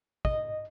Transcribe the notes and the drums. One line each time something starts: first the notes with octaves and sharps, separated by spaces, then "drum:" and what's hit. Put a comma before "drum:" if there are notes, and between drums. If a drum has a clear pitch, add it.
D#5, drum: kick